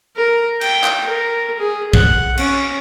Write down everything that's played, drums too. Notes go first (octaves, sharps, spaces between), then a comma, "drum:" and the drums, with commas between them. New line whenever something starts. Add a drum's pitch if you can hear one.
A#4
G5, drum: cymbal
drum: clap
A#4
G#4
F#5, drum: kick
C#4, drum: cymbal